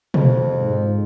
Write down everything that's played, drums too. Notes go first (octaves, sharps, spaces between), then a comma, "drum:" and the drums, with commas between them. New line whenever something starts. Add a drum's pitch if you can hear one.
F2, drum: tom B2
G#2